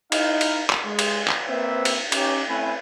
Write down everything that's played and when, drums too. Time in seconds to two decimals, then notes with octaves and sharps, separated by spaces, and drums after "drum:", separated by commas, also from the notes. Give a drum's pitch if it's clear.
0.12 D#4 E4 F5, drum: cymbal
0.41 drum: cymbal
0.70 drum: clap
0.85 G#3
0.99 drum: cymbal
1.28 drum: clap
1.48 A#3 C4 B4 C5 E5
1.85 drum: cymbal
2.12 C#4 D#4 G4, drum: cymbal
2.48 A3 C4 C#4 E4 B4 G#5